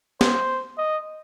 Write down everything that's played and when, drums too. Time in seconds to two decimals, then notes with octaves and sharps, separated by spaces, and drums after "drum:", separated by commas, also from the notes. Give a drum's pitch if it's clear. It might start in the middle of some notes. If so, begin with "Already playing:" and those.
0.21 C5, drum: snare
0.78 D#5